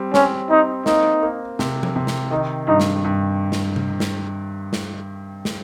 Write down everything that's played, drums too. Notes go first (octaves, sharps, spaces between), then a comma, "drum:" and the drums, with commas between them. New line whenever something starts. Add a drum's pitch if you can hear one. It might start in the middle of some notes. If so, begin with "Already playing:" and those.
Already playing: G3 C4
C4 C#4, drum: snare
C4 D#4
A#3 D#4, drum: snare
A#3
C3, drum: snare
drum: tom F3
C3
drum: snare
D#3 D#4
G2 D#4
drum: snare
G2
drum: snare
drum: tom C3
drum: snare
drum: snare
drum: snare